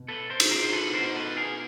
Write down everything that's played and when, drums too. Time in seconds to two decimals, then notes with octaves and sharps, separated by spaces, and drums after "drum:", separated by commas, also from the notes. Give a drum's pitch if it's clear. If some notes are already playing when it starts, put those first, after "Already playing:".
Already playing: B2
0.08 A4 B4
0.30 A#4 C5
0.40 drum: cymbal
0.51 A#4 C5
0.64 C5
0.73 A4 B4
0.94 B2 A#4 C5
1.16 A4 B4
1.37 G#4 A#4